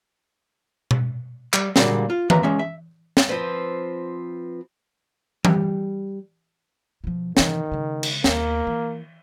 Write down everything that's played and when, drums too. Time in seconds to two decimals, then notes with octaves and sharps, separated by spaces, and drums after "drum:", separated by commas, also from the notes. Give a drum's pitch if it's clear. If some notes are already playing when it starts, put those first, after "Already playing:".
0.91 drum: tom B2
1.53 G3, drum: clap
1.76 A#2 D3 G3 G#3 A#3 F#4, drum: snare
2.10 F4
2.30 D#2 A#3 B4 E5 A#5, drum: tom E3
2.43 G#3 C#4 E5
2.59 E5
3.17 drum: snare
3.29 F3 C4 B4
5.45 G3, drum: tom E3
7.04 B2 F3
7.37 C3 D#3 E3, drum: snare
7.71 C#3 G#3
8.03 drum: cymbal
8.24 D#2 A#3 B3, drum: snare
8.67 E3